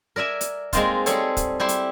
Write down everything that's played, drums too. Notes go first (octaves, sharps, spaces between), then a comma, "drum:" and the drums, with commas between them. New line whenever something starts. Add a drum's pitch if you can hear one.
A#4 D5 E5 G#5
drum: hi-hat
G#3 A#3 C4 D#4 F4, drum: kick, hi-hat
G3 C4 G#4 A4 C#5, drum: hi-hat
drum: kick, hi-hat
G3 E4 G4 C6
drum: hi-hat